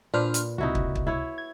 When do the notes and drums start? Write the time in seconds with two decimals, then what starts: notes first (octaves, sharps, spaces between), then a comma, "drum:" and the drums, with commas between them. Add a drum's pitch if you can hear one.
0.14 A#2 D4 B4 C5 F6
0.34 drum: hi-hat
0.58 C#2 C3 D#4 E4 F#4
0.75 drum: kick
0.95 drum: kick
1.07 E4 B4 C#5
1.38 G#6